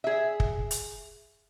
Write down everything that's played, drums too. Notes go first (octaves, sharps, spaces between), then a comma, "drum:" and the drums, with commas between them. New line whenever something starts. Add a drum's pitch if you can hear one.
G#4 E5
drum: kick
drum: hi-hat